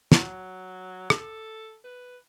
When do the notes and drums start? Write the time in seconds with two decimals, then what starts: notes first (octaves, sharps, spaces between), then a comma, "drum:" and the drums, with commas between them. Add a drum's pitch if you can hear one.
0.12 F#3, drum: snare
1.10 A4, drum: rim click
1.84 B4